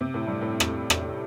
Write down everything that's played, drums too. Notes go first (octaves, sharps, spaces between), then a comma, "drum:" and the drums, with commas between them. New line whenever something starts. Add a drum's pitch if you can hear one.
C3
A2
G2
A2
drum: rim click
drum: rim click